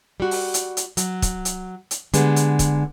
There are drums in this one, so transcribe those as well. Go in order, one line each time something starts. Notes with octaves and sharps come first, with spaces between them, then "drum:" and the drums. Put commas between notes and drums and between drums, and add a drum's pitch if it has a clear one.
G3 F#4
drum: open hi-hat
drum: hi-hat
drum: hi-hat
F#3, drum: hi-hat
drum: kick, hi-hat
drum: hi-hat
drum: hi-hat
D3 G3 G#3 B3, drum: hi-hat
drum: hi-hat
drum: kick, hi-hat